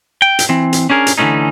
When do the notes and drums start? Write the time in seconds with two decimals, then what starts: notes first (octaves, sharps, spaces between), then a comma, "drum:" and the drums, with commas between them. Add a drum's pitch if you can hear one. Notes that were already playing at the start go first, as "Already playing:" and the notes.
0.22 G5
0.39 drum: hi-hat
0.49 E3 C4
0.73 drum: hi-hat
0.90 C#4 D4 G#4 A#4
1.07 drum: hi-hat
1.18 D3 E3 F3 A3 C#4 D#4